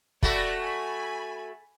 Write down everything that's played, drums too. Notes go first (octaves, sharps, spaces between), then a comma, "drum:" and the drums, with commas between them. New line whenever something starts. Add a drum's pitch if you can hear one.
A3 F#4 A4 D5 G5 B5, drum: kick
G#5 B5